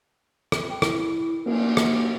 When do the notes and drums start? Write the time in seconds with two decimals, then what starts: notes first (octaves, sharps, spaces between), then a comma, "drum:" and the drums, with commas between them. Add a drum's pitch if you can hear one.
0.52 drum: rim click
0.70 G5
0.82 E4, drum: rim click
1.46 A#3, drum: cymbal
1.77 drum: rim click